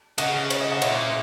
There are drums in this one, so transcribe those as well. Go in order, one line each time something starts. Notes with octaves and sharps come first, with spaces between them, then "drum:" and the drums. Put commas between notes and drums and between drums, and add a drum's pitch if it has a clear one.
C#3 D#5 F#5, drum: cymbal
C#5, drum: cymbal
D#5
D#5 F#5
A#2 C#5 E5, drum: cymbal